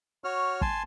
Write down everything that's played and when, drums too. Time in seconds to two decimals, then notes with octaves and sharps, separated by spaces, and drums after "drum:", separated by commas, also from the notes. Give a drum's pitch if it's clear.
0.24 F#4 C#5 F6
0.61 G#5 A5 C6, drum: kick